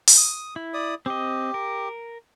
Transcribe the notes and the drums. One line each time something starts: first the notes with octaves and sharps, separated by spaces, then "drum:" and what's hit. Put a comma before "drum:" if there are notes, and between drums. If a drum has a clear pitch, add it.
drum: open hi-hat
D#6
E4
D5 D#6
C4 G4 D#5
A#4